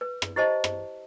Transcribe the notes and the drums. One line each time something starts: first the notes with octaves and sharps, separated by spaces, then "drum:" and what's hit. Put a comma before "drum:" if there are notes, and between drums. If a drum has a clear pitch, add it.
B4
drum: rim click
E4 G4 C5 D#5 A5
drum: rim click